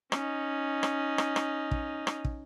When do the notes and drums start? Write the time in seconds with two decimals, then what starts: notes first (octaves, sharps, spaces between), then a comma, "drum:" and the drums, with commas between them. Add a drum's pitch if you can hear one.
0.12 C#4 D#4, drum: rim click
0.83 drum: rim click
1.18 drum: rim click
1.36 drum: rim click
1.71 drum: kick
2.07 drum: rim click
2.25 drum: kick